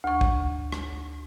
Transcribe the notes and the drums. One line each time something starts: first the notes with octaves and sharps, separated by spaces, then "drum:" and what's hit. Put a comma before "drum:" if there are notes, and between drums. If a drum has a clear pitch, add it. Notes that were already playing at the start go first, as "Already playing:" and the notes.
D2 C#6
drum: kick
drum: rim click